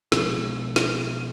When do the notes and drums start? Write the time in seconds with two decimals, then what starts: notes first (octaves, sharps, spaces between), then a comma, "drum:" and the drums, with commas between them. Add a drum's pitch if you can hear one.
0.12 B1 B2 F3 G#3, drum: snare
0.76 drum: snare